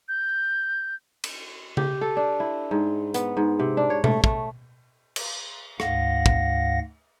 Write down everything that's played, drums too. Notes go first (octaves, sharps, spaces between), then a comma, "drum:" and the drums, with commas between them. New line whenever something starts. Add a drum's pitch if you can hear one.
G6
drum: cymbal
G4, drum: tom C#3
A4
D4
E4
G#2
B3, drum: hi-hat
G#2
C3
D4
C#5
A3, drum: tom B2
A3, drum: kick
drum: cymbal
D2 G#2 F5 F#5 A#6, drum: rim click
drum: kick